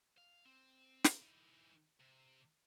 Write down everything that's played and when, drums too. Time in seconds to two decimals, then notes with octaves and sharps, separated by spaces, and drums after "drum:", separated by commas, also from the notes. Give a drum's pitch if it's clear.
0.18 F5
0.46 C4
1.04 drum: snare
1.22 E3 D#4
2.00 C3